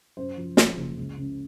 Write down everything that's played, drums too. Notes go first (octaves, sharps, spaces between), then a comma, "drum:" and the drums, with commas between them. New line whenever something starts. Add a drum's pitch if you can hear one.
F#2 C5
F3
F3, drum: snare
F#1
C#2
C#3